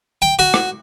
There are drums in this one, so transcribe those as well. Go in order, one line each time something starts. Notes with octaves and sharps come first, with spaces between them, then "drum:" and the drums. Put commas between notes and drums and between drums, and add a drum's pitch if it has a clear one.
G5
F#4
drum: rim click